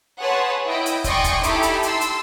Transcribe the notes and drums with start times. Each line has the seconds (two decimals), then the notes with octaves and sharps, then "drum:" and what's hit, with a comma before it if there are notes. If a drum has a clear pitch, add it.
0.20 G#4 B4 C#5 F#5 A5 C6
0.66 E4 D#5 G5
0.86 drum: hi-hat
1.04 D5 D#5 G5 G#5 C6 C#6, drum: kick, hi-hat
1.24 drum: kick, hi-hat
1.44 D#4 E4 G4 A4, drum: hi-hat
1.63 drum: hi-hat
1.83 A5 C6 E6, drum: hi-hat
2.01 drum: hi-hat